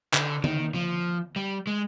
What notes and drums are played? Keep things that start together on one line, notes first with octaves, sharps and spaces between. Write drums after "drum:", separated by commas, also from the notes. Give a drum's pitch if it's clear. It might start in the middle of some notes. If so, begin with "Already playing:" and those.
D3, drum: clap
D#3, drum: tom D3
F3
G3
G#3